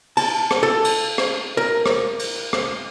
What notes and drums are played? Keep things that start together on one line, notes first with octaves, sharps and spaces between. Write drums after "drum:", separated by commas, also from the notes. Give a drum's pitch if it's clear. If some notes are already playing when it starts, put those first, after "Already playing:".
A5, drum: cymbal
drum: rim click
A4
drum: cymbal
drum: rim click
A#4
drum: rim click
drum: cymbal
drum: rim click